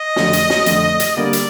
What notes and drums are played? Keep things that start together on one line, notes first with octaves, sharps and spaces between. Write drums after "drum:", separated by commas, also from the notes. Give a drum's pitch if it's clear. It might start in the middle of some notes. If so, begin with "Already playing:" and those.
Already playing: D#5
F2 D3 A3, drum: snare
drum: hi-hat
drum: snare
F2 D3 A3, drum: hi-hat
drum: hi-hat
D3 G3 A#3 D4 D5
drum: hi-hat